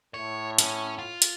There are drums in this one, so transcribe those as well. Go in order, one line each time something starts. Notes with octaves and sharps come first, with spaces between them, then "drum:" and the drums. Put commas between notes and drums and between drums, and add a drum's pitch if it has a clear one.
A2 C#5
C#4 C#5, drum: hi-hat
F4
drum: hi-hat